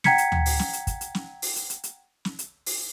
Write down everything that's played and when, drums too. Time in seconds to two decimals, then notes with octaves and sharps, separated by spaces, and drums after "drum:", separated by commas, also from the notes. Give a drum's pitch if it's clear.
0.04 F#5 G5 A#5 G#6 B6 C#7, drum: snare
0.18 drum: hi-hat
0.32 drum: tom D2
0.46 drum: open hi-hat
0.59 drum: snare
0.73 drum: hi-hat
0.87 drum: kick, hi-hat
1.01 drum: hi-hat
1.15 drum: snare
1.42 drum: open hi-hat
1.56 drum: hi-hat
1.70 drum: hi-hat
1.84 drum: hi-hat
2.25 drum: snare
2.39 drum: hi-hat
2.66 drum: open hi-hat